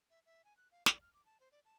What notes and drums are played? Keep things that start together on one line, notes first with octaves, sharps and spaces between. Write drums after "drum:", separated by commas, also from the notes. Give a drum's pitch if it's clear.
E5
E5
G#5
F#6
F5
D5, drum: snare
F6
D6
A5
C5
D5
A5